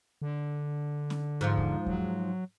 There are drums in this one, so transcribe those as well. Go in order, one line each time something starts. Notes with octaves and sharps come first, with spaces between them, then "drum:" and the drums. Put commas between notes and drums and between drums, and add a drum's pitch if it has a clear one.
D3
drum: snare C#4
G#2 F3 F4
drum: kick D#2
F#3, drum: kick D#2